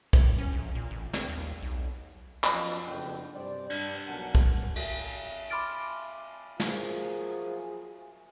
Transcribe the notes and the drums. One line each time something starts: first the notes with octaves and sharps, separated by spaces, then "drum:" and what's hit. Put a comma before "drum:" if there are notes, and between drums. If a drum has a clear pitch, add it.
A2, drum: kick
C#4
A#1
A#2
A1
C4, drum: snare
D#2
B1
F#2 F3 B3 F4 D#5, drum: clap
F#1 F2 B2 C#4 D4 G5
G2 C3 C5 D5
G2 D4, drum: cymbal
B1 F#3 A#3 F#5 G#5 A5
drum: kick
drum: cymbal
B5 C6 D6 F6 A6 D7
F3 F#3 A#3 F4 G#4, drum: snare